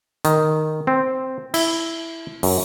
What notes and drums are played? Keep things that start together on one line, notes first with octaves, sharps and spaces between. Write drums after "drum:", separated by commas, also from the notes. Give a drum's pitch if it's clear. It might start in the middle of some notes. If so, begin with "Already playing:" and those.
D#3, drum: hi-hat
C4
E4, drum: cymbal
F#2, drum: open hi-hat